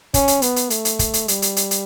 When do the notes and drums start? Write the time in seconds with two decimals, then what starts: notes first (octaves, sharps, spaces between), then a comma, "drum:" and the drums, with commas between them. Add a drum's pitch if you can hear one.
0.14 C#4, drum: kick, hi-hat
0.28 drum: hi-hat
0.42 B3, drum: hi-hat
0.56 drum: hi-hat
0.70 A3, drum: hi-hat
0.85 drum: hi-hat
0.99 drum: kick, hi-hat
1.14 drum: hi-hat
1.28 G3, drum: hi-hat
1.42 drum: hi-hat
1.56 drum: hi-hat
1.71 drum: hi-hat